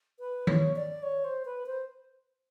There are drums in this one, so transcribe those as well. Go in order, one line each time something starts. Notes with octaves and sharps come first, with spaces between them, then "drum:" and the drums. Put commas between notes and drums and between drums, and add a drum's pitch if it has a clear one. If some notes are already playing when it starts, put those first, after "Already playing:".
B4
C#5, drum: tom D#3
D5
C#5
C5
B4
C5